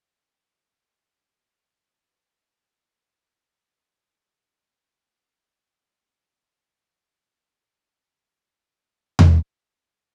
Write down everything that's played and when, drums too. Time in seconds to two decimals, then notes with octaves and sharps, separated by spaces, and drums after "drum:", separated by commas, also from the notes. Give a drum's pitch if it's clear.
1.09 A5
2.06 F#4 B4 C#6 D#6 F6
3.52 D#6
4.77 C#5
5.89 A#3 B3
7.67 C2 C#3 F3 G#3 D#4 A5
9.19 drum: tom E2